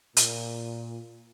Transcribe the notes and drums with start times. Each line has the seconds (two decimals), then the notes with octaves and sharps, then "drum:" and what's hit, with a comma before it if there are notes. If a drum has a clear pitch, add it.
0.17 A#2, drum: hi-hat